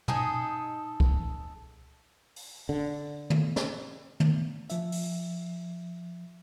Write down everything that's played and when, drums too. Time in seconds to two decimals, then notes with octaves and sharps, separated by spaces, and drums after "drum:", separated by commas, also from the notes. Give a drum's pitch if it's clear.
0.08 D#4 G#4 A4 D#5, drum: tom
1.00 drum: kick
2.36 drum: open hi-hat
2.69 D3
3.30 drum: tom
3.56 drum: snare
4.20 drum: tom
4.70 F3 E5, drum: hi-hat
4.92 drum: open hi-hat